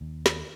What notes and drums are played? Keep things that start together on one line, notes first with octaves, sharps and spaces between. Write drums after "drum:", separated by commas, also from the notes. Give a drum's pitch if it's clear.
D#2
drum: snare